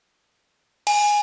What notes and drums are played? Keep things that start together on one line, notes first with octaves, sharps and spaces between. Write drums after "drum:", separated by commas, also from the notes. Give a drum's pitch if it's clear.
G#5, drum: cymbal